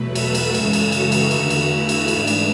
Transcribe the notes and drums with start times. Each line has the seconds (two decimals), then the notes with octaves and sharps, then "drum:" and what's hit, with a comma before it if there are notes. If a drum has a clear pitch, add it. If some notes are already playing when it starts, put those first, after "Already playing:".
Already playing: E2 B2 F#3 A3 B4
0.15 A4, drum: cymbal
0.35 drum: cymbal
0.54 F#2 C#3 E3 G#3, drum: cymbal
0.73 drum: cymbal
0.92 F#4, drum: cymbal
1.12 drum: cymbal
1.31 E2 D3 A3, drum: cymbal
1.50 drum: cymbal
1.70 E4
1.89 drum: cymbal
2.08 G#2 E3 A3 D4, drum: cymbal
2.27 drum: cymbal